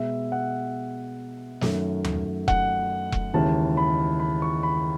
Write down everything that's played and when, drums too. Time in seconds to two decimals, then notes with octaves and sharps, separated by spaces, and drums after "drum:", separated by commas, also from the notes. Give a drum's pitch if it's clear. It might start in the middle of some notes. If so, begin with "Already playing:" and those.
Already playing: B2 G#3 B3 E5
0.32 F#5
1.61 F#2 D#3 F#3 A3, drum: snare
2.04 drum: tom D#2
2.48 F#5, drum: kick E1
3.12 drum: kick E1
3.34 D#2 C#3 E3 G#3 A5
3.77 B5
4.20 B5
4.42 C#6
4.63 B5